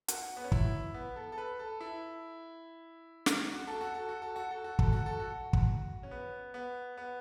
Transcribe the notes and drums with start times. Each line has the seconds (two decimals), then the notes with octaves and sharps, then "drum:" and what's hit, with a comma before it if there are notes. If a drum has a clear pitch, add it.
0.08 F#4, drum: hi-hat
0.37 B3
0.44 C#4
0.52 E4, drum: kick
0.94 B3
1.16 A4
1.32 A4
1.38 B4
1.59 A4
1.81 E4
3.26 drum: snare
3.53 F#4
3.67 A4
3.81 F#4
3.94 A4
4.09 F#4
4.22 A4
4.36 F#4
4.51 A4
4.64 F#4
4.79 A4, drum: kick
4.93 F#4
5.06 A4
5.20 F#4
5.53 drum: kick
6.03 C#4
6.11 B3
6.54 B3
6.97 B3